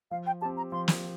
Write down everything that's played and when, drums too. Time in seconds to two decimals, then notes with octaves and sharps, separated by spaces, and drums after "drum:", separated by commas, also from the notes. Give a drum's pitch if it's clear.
0.11 F3 F5
0.27 G5
0.41 C4 G4 A5
0.57 A#5
0.72 F3 C6
0.88 drum: snare